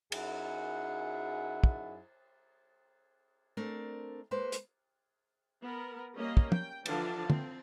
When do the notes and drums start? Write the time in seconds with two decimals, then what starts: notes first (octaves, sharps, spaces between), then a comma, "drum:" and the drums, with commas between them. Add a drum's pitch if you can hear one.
0.12 F#2 D#4 E4 G#4 F#5, drum: cymbal
1.64 drum: kick
3.57 A3 C4 D4 A#4 D5
4.31 G#3 A#3 B4 C5
4.52 drum: hi-hat
5.62 B3 A#4
6.15 G3 A#3 C#4 D#5
6.37 drum: kick
6.52 G5, drum: tom
6.86 D3 E3 F3 D4 F5 A5, drum: cymbal
7.30 C4, drum: tom